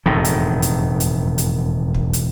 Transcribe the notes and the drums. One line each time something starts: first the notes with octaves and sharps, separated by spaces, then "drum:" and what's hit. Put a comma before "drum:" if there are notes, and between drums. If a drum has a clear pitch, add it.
E1 F2 A2 D#3
drum: hi-hat
drum: hi-hat
drum: hi-hat
drum: hi-hat
drum: kick
drum: hi-hat